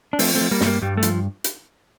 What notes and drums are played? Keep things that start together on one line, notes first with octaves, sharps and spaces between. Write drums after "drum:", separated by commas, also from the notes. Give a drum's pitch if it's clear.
D4
F3 A3 C4, drum: open hi-hat
A3 C4
F3
G3 A#3
G2 A3, drum: snare
G3 A#3
G2 G3
A3
F3, drum: hi-hat
drum: hi-hat